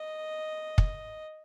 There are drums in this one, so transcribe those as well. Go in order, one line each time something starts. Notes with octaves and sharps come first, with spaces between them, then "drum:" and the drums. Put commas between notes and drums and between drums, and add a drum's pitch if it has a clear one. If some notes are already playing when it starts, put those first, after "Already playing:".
Already playing: D#5
drum: kick